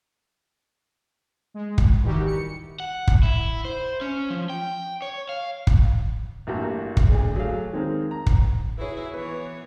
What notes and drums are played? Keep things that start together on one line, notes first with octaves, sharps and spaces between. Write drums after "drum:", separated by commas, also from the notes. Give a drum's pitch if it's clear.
G#3
drum: kick
D#3 E3 G3 D#4 F#4 G4
C#7
F#5
drum: kick
E4
C5
C#4
F3
G5
C#5
F5
drum: kick
A1 G2 A#3 F#4 G4 A#5
drum: kick
D2 G#4 D5
F#3 A3 G#4 F5
D#3 G#3 C4 A#4
A#5
drum: kick
E4 F#4 G#4 B4 C#5
E3 B3 B4 C#5